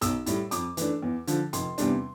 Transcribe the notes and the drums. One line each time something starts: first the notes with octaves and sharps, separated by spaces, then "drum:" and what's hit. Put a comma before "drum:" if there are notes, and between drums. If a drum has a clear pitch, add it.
B1 E6, drum: hi-hat
A2 G3, drum: hi-hat
F2 D6, drum: hi-hat
E3 A3 D4, drum: hi-hat
E2
D3 F3, drum: hi-hat
F1 C6, drum: hi-hat
E2 C3 G3 D4, drum: hi-hat